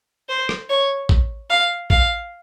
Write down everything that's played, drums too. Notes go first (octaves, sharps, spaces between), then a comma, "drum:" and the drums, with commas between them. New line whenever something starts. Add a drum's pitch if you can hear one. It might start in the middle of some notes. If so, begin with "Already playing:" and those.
C5
drum: rim click
C#5
drum: kick A1
F5
F5, drum: kick A1